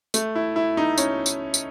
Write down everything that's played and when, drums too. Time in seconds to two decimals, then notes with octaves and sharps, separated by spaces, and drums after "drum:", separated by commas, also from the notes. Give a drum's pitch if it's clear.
0.14 A3, drum: tambourine
0.35 E4
0.56 E4
0.77 D#4
0.98 C#4, drum: tambourine
1.26 drum: tambourine
1.54 drum: tambourine